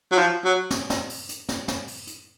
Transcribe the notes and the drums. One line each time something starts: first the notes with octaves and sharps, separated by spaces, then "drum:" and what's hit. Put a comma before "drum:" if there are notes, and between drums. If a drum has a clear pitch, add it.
F#3
F3
F#3
drum: snare
drum: snare
drum: open hi-hat
drum: hi-hat
drum: snare
drum: snare
drum: open hi-hat
drum: hi-hat